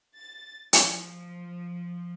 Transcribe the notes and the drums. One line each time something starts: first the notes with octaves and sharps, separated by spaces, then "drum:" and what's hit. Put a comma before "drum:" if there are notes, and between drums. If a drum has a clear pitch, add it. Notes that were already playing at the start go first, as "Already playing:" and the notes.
A6
F3, drum: hi-hat